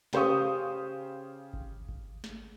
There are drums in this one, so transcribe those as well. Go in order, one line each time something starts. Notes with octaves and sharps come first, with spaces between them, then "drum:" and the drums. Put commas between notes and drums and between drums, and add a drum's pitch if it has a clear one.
C#3 G4 C5 F5 C#6 D#6, drum: snare
drum: kick G#1
drum: kick G#1
drum: snare